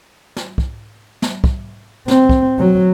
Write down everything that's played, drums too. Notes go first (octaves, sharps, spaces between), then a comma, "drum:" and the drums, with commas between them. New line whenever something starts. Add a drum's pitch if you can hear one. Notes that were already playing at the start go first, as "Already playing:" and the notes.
drum: snare
drum: kick
drum: snare
drum: kick
C4, drum: snare
drum: kick
F#3